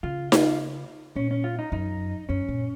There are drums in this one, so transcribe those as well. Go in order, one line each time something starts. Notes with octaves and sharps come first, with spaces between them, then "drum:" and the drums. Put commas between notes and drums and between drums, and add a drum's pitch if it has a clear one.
C#3 F4
F4, drum: snare D#4
A#2 C#4
C#4
F4
D#4
F#2 D#4
F#2 C#4
A#2